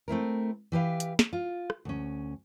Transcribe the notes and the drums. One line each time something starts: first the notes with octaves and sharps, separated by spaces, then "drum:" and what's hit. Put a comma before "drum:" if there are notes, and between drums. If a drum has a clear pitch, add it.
A3 C4 E4 A#4
E3 G4 B4 F5
drum: hi-hat
drum: snare
F4
drum: rim click
D2 C#4